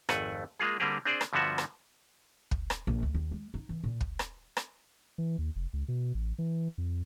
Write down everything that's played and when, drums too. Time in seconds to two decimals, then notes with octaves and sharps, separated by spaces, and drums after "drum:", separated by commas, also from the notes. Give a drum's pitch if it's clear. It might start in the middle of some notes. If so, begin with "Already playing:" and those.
0.09 G#1 F2 A3 F#5 G#5, drum: rim click
0.60 G#3 A#3 F4 G#4
0.80 D3 G3 A#3 C4 G4 G#4
1.05 C4 D4 G#4 C5 D5
1.21 drum: rim click
1.33 G2 D3 F3 B3 F#4 E5
1.58 drum: rim click
2.51 drum: kick
2.70 drum: rim click
2.87 A#1
3.03 D2
3.14 D#2
3.31 G#3
3.54 D#4
3.69 E3
3.84 A#2
4.01 drum: kick
4.19 drum: rim click
4.57 drum: rim click
5.18 E3
5.38 D#2
5.56 F1
5.73 C#2
5.88 B2
6.15 A1
6.38 E3
6.78 F2